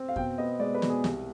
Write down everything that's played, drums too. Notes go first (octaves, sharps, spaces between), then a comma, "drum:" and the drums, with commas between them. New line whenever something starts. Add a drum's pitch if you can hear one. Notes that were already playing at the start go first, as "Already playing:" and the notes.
Already playing: C4
F5
B2 G5, drum: kick F2
B3 D#5
G#3 D5
B4
B2, drum: snare
G#4
C2, drum: snare